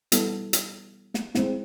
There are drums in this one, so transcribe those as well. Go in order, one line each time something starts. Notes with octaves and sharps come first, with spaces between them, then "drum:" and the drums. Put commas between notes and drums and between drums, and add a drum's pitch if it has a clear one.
G3 B3 E4 A4, drum: hi-hat
drum: hi-hat
drum: snare
G#3 C4 E4, drum: snare